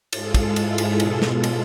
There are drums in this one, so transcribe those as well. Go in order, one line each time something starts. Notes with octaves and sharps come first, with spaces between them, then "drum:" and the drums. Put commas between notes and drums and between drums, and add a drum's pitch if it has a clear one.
G#2 G#3 F4 A4, drum: cymbal
drum: kick, cymbal
E4 G#4, drum: cymbal
drum: cymbal
B2 G#3 F4 A4, drum: cymbal
drum: snare
drum: cymbal